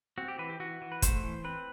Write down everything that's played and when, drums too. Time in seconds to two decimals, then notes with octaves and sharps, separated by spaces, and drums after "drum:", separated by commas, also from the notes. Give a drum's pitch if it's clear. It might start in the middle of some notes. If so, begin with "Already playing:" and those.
0.18 C4 F#4
0.28 G4
0.39 E3 B4
0.50 G4
0.60 E3 F#4
0.82 E3
0.92 B4
1.02 A3 C5, drum: kick, hi-hat
1.23 E3
1.44 C4 B4